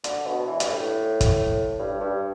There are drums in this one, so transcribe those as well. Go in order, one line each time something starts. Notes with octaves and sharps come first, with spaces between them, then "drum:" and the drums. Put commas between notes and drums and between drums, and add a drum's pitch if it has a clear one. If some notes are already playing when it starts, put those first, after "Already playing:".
D3, drum: hi-hat
B2
E3
G2, drum: hi-hat
A2
drum: kick, hi-hat
G2
G2